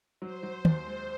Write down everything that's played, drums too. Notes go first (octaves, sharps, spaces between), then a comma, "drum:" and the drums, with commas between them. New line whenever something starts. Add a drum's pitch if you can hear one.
F#3 C5
F#3
D#2, drum: tom
G#3